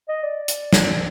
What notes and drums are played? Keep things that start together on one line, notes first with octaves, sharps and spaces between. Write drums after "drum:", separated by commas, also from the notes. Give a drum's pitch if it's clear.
D#5
D5
drum: hi-hat
drum: snare